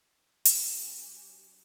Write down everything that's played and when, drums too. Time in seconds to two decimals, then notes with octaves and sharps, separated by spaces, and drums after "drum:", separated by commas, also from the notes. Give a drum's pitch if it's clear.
0.45 F#3 C#4 G4, drum: hi-hat